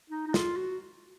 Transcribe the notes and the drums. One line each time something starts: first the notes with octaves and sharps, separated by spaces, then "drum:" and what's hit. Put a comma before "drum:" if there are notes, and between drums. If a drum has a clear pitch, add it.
D#4
D#4
F4, drum: snare
F#4